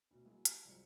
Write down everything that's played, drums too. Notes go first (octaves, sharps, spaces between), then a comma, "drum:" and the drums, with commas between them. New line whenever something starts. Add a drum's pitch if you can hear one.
D2 B2
F#3 G#3 A#3 E4 G#4
G4, drum: hi-hat
C2 F#2 F3 G#3 C4 C#7